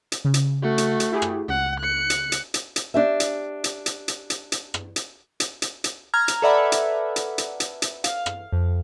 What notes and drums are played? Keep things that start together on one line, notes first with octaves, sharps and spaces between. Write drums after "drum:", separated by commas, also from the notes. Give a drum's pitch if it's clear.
drum: hi-hat
C#3
drum: hi-hat
A3 F#4
drum: hi-hat
drum: hi-hat
E4 G4 G#4
drum: rim click
C#2 F#5
F#6 C#7
drum: hi-hat
drum: hi-hat
drum: hi-hat
drum: hi-hat
D4 G4 E5
drum: hi-hat
drum: hi-hat
drum: hi-hat
drum: hi-hat
drum: hi-hat
drum: hi-hat
drum: rim click
drum: hi-hat
drum: hi-hat
drum: hi-hat
drum: hi-hat
A#5 F6 G#6
drum: hi-hat
A4 B4 D5 E5 F#5 B5
drum: hi-hat
drum: hi-hat
drum: hi-hat
drum: hi-hat
drum: hi-hat
F5, drum: hi-hat
drum: rim click
F2